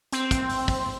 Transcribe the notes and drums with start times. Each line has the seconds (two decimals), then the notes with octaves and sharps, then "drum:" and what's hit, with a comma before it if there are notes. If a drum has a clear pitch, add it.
0.12 C4, drum: hi-hat
0.31 drum: kick, hi-hat
0.50 drum: open hi-hat
0.68 drum: kick, open hi-hat